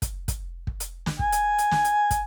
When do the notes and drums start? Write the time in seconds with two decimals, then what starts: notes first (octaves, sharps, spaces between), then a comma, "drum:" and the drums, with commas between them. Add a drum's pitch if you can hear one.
0.02 drum: kick, hi-hat
0.28 drum: kick, hi-hat
0.67 drum: kick
0.80 drum: hi-hat
1.06 drum: snare
1.19 G#5, drum: kick
1.32 drum: hi-hat
1.58 drum: hi-hat
1.71 drum: snare
1.84 drum: hi-hat
2.11 drum: kick, hi-hat